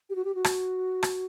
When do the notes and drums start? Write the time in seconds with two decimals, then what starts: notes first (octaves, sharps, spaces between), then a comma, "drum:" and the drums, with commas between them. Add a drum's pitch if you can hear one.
0.10 G4
0.15 F#4
0.25 G4
0.35 F#4
0.44 drum: rim click
1.03 drum: rim click